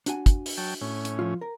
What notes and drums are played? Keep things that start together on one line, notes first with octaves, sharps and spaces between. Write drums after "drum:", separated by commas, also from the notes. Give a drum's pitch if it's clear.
D4 F#4 G#5, drum: hi-hat
drum: kick, hi-hat
drum: open hi-hat
F#3 G5 A5
A2 C#4
drum: hi-hat
F3 F4
A#4